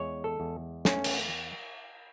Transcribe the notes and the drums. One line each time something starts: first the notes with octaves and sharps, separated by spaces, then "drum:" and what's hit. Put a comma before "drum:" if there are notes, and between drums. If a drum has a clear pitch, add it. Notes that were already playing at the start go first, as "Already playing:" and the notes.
Already playing: E2 G#3 C#5
A4
E2
A3 C#4, drum: snare
drum: cymbal